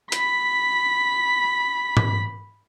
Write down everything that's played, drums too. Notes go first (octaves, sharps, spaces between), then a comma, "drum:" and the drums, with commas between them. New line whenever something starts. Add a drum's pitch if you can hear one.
B5 B6, drum: hi-hat
drum: tom